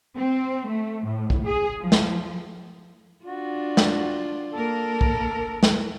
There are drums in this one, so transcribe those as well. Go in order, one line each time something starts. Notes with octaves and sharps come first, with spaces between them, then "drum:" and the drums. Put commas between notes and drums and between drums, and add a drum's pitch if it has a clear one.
C4
A3
A2
drum: kick
G#4
F3
drum: snare
D4 F4 F#4
drum: snare
A#3 A4 A#4
drum: kick
drum: snare